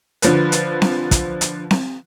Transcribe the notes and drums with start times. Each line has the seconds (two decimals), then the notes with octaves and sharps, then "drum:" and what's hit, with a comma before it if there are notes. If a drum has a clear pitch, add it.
0.22 D3 F3 B4, drum: hi-hat
0.52 drum: hi-hat
0.82 drum: snare C4
1.11 drum: kick, hi-hat
1.41 drum: hi-hat
1.71 drum: snare C4